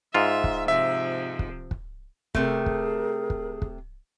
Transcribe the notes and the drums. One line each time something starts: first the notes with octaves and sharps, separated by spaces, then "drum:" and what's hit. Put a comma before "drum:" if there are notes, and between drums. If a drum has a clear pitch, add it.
G#2 F4 E5
drum: kick
C3 F3 E5
drum: kick
drum: kick
C3 A3 G#4 A#4, drum: kick
drum: kick
drum: kick
drum: kick